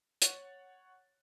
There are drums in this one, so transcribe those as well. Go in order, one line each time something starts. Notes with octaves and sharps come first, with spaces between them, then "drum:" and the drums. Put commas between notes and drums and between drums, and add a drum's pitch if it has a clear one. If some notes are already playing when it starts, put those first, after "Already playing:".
C#5 F#5 F#6 A6, drum: hi-hat